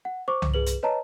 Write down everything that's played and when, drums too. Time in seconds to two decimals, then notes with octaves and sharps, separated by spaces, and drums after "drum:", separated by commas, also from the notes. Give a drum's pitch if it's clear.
0.05 F#5
0.28 C5 C#6 D6
0.42 drum: tom C2
0.54 G#4 B4 F#7
0.66 drum: hi-hat
0.83 B4 C#5 D#5 A5 A#5